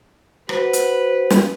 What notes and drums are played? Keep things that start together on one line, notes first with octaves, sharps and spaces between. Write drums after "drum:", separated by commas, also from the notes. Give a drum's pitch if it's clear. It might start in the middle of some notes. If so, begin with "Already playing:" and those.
F#4 B4 C5, drum: rim click
drum: hi-hat
drum: snare